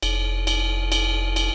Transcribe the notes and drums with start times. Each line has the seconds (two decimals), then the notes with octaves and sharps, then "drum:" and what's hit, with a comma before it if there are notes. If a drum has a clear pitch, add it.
0.03 F1, drum: cymbal
0.47 drum: cymbal
0.92 drum: cymbal
1.36 drum: cymbal